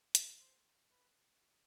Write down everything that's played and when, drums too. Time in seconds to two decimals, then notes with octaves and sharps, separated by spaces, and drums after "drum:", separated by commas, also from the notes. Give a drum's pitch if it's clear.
0.15 drum: hi-hat
0.40 C5
0.91 B4